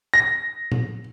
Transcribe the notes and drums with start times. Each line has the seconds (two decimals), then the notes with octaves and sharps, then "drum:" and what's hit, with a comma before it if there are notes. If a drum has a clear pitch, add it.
0.14 A#6
0.72 drum: tom A#2